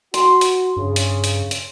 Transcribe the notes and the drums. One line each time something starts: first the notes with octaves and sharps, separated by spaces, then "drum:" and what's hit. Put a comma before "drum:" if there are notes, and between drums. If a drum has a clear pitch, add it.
F#4 C6, drum: hi-hat
drum: hi-hat
G2 C#3
drum: hi-hat
drum: hi-hat
drum: hi-hat